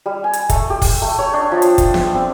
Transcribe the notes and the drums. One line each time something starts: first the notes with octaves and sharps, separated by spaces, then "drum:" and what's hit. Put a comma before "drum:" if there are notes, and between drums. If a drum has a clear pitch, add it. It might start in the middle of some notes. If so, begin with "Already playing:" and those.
G3
G#5
drum: hi-hat
A3, drum: kick, hi-hat
G4
drum: kick, open hi-hat
A3
C#5
D4
F3
drum: hi-hat
drum: kick, hi-hat
drum: snare
C4